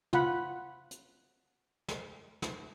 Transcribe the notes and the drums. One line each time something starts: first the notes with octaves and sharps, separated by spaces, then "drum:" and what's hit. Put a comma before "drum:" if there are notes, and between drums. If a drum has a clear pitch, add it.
F4 F#5 B5, drum: tom
drum: hi-hat
drum: snare
drum: snare